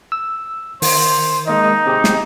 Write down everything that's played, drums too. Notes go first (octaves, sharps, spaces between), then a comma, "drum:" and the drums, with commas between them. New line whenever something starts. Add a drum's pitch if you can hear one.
E6
D#3 C5, drum: open hi-hat
G#3 A#3 D#4 D#5
C4 G4 G#4
drum: snare